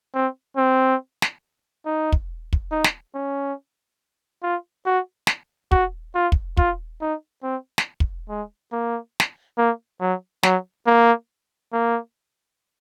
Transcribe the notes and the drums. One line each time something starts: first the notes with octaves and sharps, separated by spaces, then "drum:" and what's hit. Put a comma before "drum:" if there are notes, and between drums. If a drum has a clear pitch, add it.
C4
C4
drum: snare
D#4
drum: kick
drum: kick
D#4
drum: snare
C#4
F4
F#4
drum: snare
F#4, drum: kick
F4
drum: kick
F4, drum: kick
D#4
C4
drum: snare
drum: kick
G#3
A#3
drum: snare
A#3
F#3
F#3, drum: snare
A#3
A#3